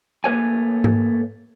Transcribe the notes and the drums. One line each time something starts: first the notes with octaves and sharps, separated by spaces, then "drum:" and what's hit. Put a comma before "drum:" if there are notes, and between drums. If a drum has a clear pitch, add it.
A3 A#3 B4 C#5 G#5
drum: tom G#2